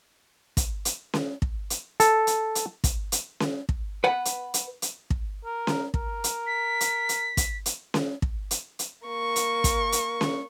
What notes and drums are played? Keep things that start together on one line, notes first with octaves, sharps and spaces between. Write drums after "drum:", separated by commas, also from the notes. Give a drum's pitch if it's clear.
drum: kick, hi-hat
drum: hi-hat
drum: snare C#4
drum: kick
drum: hi-hat
A4, drum: hi-hat
drum: hi-hat
drum: hi-hat
drum: kick, hi-hat
drum: hi-hat
drum: snare C#4
drum: kick
B4 F#5
drum: hi-hat
drum: hi-hat
drum: hi-hat
drum: kick
A#4
drum: snare C#4
A#4, drum: kick
drum: hi-hat
B6
drum: hi-hat
drum: hi-hat
drum: kick, hi-hat
drum: hi-hat
drum: snare C#4
drum: kick
drum: hi-hat
drum: hi-hat
A#3 C#6
drum: hi-hat
drum: kick, hi-hat
drum: hi-hat
drum: snare C#4